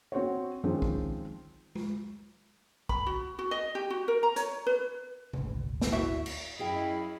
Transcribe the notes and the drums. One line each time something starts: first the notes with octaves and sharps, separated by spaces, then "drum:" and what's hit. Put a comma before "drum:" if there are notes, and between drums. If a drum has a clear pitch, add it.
C4 F#4 C5 C#5
D#3 F3 G#3 C4 C#4
drum: kick
drum: tom G#3
B5, drum: kick
F#4
F#4
D#5
G4
F#4
A#4
A#5
C#5, drum: hi-hat
B4
D#1 G#1 D2, drum: tom C3
drum: snare
E4 F#4 E5
drum: cymbal
F#2 E4 G#4 D#5 F5 G5